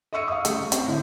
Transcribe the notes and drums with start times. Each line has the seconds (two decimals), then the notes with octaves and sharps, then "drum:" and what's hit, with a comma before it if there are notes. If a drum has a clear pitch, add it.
0.13 D#5 E5 C#6 E6 C#7 D#7
0.28 F5 D#6
0.45 C#3 G3 A3, drum: hi-hat
0.56 C#6
0.72 C4, drum: hi-hat
0.87 A2 D3